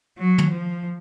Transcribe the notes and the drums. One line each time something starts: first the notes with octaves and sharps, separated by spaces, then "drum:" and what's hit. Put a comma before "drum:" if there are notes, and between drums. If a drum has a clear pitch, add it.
F#3
drum: tom
F3